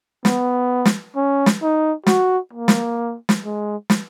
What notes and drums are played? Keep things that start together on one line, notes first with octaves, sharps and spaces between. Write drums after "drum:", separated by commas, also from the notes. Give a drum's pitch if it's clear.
B3, drum: snare
drum: snare
C#4
drum: snare
D#4
F#4, drum: snare
A#3
drum: snare
drum: snare
G#3
drum: snare